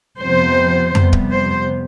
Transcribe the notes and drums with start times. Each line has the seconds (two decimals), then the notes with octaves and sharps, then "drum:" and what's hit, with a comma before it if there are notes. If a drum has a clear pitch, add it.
0.21 F2 C3 F3 B3 C5
0.95 F2 C3 G3 B3, drum: tom F2
1.13 drum: kick
1.31 C5